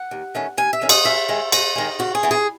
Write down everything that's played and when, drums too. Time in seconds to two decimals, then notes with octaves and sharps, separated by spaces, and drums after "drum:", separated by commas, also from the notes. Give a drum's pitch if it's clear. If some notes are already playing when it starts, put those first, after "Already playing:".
Already playing: F#5
0.11 D#2
0.35 D#3 A3 C#4
0.57 D#2 G#5
0.73 E5
0.81 D#3 A3 C#4
0.89 D#5, drum: cymbal
1.05 F#2 E5
1.29 D#3 G#3
1.52 F#2 D#5, drum: cymbal
1.76 D#3 G#3
1.99 C#3 F#4
2.15 G#4
2.23 E3 B3
2.31 G#4